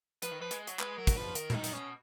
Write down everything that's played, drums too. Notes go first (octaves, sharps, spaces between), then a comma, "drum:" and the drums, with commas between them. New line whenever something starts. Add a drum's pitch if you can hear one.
F3 B4, drum: hi-hat
D#3
F3 B4
G#3, drum: hi-hat
F#3, drum: hi-hat
G#3 B4, drum: clap
F#3 A#4
drum: kick, hi-hat
F3 B4
D#3 A#4, drum: hi-hat
F3, drum: tom A#2
D#3 D#4
drum: hi-hat
B2 C#4